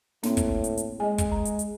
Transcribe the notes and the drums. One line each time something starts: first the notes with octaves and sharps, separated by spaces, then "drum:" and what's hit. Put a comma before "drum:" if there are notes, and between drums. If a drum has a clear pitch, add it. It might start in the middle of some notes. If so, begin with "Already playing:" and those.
A2 A#3 C4, drum: snare
drum: kick, hi-hat
drum: hi-hat
drum: hi-hat
G#3 D#5 G#5
drum: kick, hi-hat
A#5
drum: hi-hat
drum: hi-hat